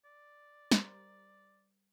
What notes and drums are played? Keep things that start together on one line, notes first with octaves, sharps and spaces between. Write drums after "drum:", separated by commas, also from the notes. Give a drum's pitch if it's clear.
D5
G3 A#4 C5, drum: snare